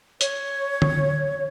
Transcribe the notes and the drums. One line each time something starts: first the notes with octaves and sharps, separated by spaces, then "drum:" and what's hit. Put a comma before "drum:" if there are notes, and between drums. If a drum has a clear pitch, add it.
C#5, drum: hi-hat
drum: tom D3